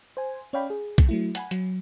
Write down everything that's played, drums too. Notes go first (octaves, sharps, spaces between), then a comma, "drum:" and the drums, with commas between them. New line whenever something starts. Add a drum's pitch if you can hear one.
C5 G#5
C#4 C#5 D5 F5 G5 B5
G#4
drum: kick B1, hi-hat
F#3 A3 E4
F#5 G#5 B5, drum: hi-hat
F#3, drum: hi-hat